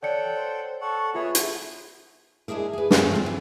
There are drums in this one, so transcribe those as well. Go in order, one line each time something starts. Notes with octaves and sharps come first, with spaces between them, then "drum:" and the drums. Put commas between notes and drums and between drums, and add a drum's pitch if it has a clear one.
A4 C#5 D5 F#5 G5 C#7
C5
A4 F#5 C#6
B3 F4 G#4 C#5 E5
drum: hi-hat
G#3 D4 E4 G#4 A#4
G#4 B4
E2 G2 F#3 C#4 A5, drum: snare
C4 F4
E3